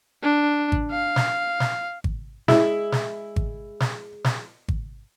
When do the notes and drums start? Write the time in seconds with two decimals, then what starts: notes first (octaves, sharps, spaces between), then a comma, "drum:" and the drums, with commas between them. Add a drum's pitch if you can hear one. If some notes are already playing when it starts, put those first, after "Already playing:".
0.23 D4
0.72 drum: kick G#1
0.91 F5
1.16 drum: snare
1.60 drum: snare
2.04 drum: kick G#1
2.48 G#3 E4 G#4, drum: snare
2.92 drum: snare
3.36 drum: kick G#1
3.80 drum: snare
4.24 drum: snare
4.68 drum: kick G#1